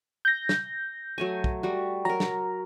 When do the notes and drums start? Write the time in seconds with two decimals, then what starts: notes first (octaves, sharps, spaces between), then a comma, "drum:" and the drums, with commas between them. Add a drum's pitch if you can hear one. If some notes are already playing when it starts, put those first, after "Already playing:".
0.25 G6 A#6
0.49 drum: snare
1.18 F#3 A3 G#5
1.44 drum: kick
1.63 G3 F#4
2.05 F#3 A#4 A#5
2.20 drum: snare